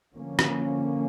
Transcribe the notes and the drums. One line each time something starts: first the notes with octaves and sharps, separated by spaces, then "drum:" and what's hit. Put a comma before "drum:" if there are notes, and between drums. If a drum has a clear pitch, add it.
D3 F3 A#3 C#4
drum: rim click